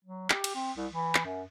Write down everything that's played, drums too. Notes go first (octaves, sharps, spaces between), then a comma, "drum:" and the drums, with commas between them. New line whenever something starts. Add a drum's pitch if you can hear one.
F#3
G4, drum: clap
drum: cymbal
C4
C2
E3
drum: clap
F#2